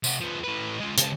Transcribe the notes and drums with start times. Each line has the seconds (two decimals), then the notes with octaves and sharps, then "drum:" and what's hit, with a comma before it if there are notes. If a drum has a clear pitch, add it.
0.04 C3 F#5, drum: tambourine
0.21 F3 B3
0.43 A2 B4
0.80 G#3 F4
0.98 C#2 A5, drum: hi-hat